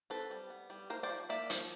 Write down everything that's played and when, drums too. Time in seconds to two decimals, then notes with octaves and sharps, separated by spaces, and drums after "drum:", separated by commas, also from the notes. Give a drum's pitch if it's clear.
0.10 C4 A4 B4
0.31 G3
0.50 B3
0.70 G3
0.90 A#3 A#4 C5
1.03 C5 D5
1.10 F3
1.29 A#3 D5 E5
1.50 F3, drum: hi-hat